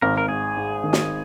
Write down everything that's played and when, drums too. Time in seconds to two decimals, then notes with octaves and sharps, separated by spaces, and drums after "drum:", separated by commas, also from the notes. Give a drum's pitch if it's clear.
0.02 G#1 A#4
0.18 A#4
0.28 G#2 G#4
0.57 G#2
0.83 D#3
0.93 drum: snare